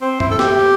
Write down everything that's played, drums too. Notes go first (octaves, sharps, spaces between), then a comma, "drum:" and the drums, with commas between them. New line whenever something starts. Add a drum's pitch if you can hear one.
C4
E4, drum: tom G2
A4
G4, drum: snare